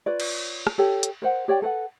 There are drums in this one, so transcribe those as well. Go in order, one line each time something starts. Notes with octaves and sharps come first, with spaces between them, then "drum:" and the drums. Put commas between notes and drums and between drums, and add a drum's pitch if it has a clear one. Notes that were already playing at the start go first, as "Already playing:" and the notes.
F4 B4 C#5 D5
drum: cymbal
drum: rim click
G4 A4 C#5
drum: hi-hat
A#4 C5 F#5
G4 C#5 D5 G5
A4 B4 F#5